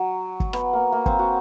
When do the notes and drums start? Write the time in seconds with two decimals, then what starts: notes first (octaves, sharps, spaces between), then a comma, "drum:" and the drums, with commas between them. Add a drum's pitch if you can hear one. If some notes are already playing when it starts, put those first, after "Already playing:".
Already playing: F#3
0.40 drum: kick
0.53 B3, drum: rim click
0.73 A#3
0.92 A#3
1.06 C4, drum: kick
1.19 F#4